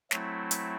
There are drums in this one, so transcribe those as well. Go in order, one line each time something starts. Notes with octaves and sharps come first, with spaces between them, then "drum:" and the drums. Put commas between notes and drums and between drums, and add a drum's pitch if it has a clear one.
F#3 A3 C4 E4, drum: snare
drum: hi-hat